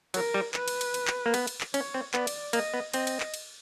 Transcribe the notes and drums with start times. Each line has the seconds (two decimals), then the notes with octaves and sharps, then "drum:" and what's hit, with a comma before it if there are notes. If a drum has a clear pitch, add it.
0.14 F#3 A#4, drum: cymbal
0.34 G3
0.54 B4, drum: clap
0.68 drum: cymbal
0.81 drum: cymbal
0.94 drum: cymbal
1.07 drum: clap
1.26 A#3
1.34 B3, drum: cymbal
1.47 drum: cymbal
1.61 drum: clap
1.74 C#4 C#5, drum: cymbal
1.94 C4
2.14 B3 D5, drum: clap
2.27 drum: cymbal
2.53 A#3 D#5, drum: cymbal
2.74 B3
2.93 C4 D#5, drum: cymbal
3.07 drum: cymbal
3.20 drum: clap
3.34 drum: cymbal